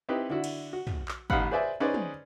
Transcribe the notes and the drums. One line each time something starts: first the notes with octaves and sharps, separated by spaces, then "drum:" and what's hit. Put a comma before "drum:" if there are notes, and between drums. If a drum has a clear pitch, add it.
C4 D#4 E4 G4 B4
D3 D4 E4 F#4
drum: cymbal
F#4
drum: tom
drum: clap
A1 D#4 F5 F#5 B5, drum: kick G1
G#4 B4 C5 D5 E5 G#5
C#4 D#4 G#4 B4 C5 D5
drum: tom